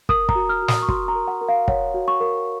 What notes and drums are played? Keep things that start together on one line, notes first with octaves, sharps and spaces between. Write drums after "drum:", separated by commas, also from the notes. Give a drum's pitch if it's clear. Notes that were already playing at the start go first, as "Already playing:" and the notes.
A#4 D#6, drum: kick
A#5, drum: kick
F#4
F6
F#4
D#6, drum: snare
C#6
F#4 C6, drum: kick
A#5
A#4
F#5
A#4
F5
C#5 F#5, drum: kick
F#4
C#6
A#4